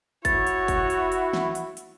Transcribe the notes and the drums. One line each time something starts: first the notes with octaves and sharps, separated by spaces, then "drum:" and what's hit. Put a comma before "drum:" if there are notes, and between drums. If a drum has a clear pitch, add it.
E4 F#4 C#5 A6, drum: kick, hi-hat
drum: hi-hat
drum: kick, hi-hat
drum: hi-hat
drum: hi-hat
drum: snare
drum: hi-hat
drum: hi-hat